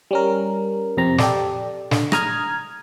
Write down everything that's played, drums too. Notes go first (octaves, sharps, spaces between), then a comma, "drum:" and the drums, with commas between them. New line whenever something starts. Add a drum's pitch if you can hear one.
G3 C#4 A#4
F2 C3 C4 A#5
G4 A4 D5, drum: snare
D3, drum: snare
A#5 D#6 F6 G#6, drum: rim click